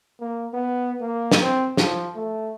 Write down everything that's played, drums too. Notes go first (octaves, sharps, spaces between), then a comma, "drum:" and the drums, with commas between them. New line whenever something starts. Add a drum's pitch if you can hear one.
A#3
B3
A#3
drum: snare
C4
F3, drum: snare
A3